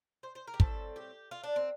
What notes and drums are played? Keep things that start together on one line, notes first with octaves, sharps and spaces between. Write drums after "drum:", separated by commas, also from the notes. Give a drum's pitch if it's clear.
C5
C5
A#4
G4
A2 G3 C4 A4, drum: kick
G4
F4
D4
C4